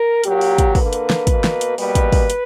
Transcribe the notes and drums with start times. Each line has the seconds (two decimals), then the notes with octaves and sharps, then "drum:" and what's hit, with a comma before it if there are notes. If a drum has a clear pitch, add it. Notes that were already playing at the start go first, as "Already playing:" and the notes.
Already playing: A#4
0.24 A#2 F#3 A#3 G4, drum: hi-hat
0.41 drum: open hi-hat
0.58 drum: kick, hi-hat
0.75 D3 A#3 B4, drum: kick, open hi-hat
0.93 drum: hi-hat
1.10 drum: snare
1.27 B2 A#3, drum: kick, hi-hat
1.44 drum: snare
1.61 drum: hi-hat
1.78 B2 G3 A#3 B4, drum: open hi-hat
1.95 drum: kick, hi-hat
2.12 drum: kick, open hi-hat
2.30 drum: hi-hat